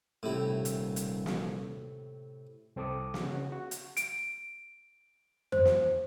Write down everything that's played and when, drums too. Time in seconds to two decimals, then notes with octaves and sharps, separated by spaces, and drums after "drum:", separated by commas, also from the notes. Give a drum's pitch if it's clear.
0.23 D#1 A2 C3 E4
0.65 drum: hi-hat
0.96 drum: hi-hat
1.26 drum: snare
2.76 C2 C4 A4 D6 D#6
3.14 drum: snare
3.24 C#3 F#4
3.52 F#4
3.71 drum: hi-hat
3.97 D7, drum: hi-hat
5.52 C5, drum: tom F2
5.65 drum: snare